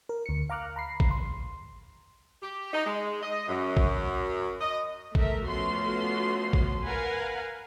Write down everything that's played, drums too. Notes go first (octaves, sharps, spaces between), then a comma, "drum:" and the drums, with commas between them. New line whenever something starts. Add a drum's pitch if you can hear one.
A#4
D2 C#7
F5 A#5 D6 F6 F#6
A#5 B5 C7
drum: kick
C6
G4
D#4
G#3
D#5
F#2
drum: kick
D#5
A3 A#4 E5, drum: kick
F3 A3 B3 C#4 F#4 C6
drum: kick
A#4 B4 F5 F#5 G#5